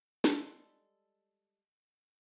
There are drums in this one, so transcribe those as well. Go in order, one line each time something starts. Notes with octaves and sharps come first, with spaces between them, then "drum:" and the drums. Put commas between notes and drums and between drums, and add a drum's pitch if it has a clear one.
G3 G#3 A4, drum: snare